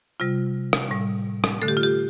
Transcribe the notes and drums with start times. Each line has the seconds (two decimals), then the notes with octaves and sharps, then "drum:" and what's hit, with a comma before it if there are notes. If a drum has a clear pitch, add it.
0.20 C3 G3 F4
0.73 drum: rim click
0.91 A2 G3
1.44 drum: rim click
1.62 D3 A3 A4
1.68 G4
1.77 F4
1.83 G4